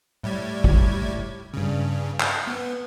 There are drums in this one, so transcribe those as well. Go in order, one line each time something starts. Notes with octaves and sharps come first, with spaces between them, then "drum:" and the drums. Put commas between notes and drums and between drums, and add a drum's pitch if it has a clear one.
A2 G3 G#6
drum: kick
G2 C#3
drum: clap
B3